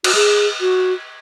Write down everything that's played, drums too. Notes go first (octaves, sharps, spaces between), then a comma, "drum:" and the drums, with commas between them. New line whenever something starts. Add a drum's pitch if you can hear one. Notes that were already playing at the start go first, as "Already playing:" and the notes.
F#4, drum: cymbal
G#4
F#4